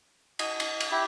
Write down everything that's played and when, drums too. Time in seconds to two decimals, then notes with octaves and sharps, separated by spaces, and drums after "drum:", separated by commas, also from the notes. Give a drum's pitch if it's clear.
0.39 D#5, drum: cymbal
0.60 drum: cymbal
0.80 drum: cymbal
0.92 E4 G4